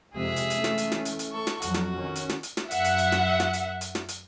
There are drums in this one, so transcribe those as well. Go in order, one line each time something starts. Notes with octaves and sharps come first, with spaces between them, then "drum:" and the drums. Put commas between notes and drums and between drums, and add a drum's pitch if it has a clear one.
F2 C3 G#3 G#4 E5
drum: hi-hat
E3 A3 C#4, drum: hi-hat
drum: snare
drum: hi-hat
drum: snare
drum: hi-hat
drum: hi-hat
A4 C#6
drum: snare
F2 F3 F#3 F#4, drum: hi-hat
drum: snare
D#3 C#4
drum: hi-hat
drum: snare
drum: hi-hat
drum: snare
F#2 E5 F#5, drum: hi-hat
drum: hi-hat
drum: hi-hat
drum: snare
drum: snare
drum: hi-hat
drum: hi-hat
drum: snare
drum: hi-hat